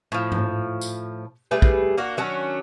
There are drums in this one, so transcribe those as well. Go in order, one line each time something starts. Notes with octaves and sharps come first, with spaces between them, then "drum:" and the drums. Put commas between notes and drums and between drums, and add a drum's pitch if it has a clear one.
A2 F3
drum: tom G#2
drum: tambourine
G3 A3 G#4 B4
drum: kick
A#3 D4 F#4
D#3 F#3 C#4 D4